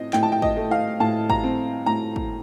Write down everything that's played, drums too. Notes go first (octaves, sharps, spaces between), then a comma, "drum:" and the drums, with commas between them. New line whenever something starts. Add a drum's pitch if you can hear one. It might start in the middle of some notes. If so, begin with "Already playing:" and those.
Already playing: A2 C4 D#5
A2 G5, drum: clap
A5
G5
D#5, drum: kick
A3
F5
A2 A5
A#5, drum: kick
C4
A2 A#5
drum: kick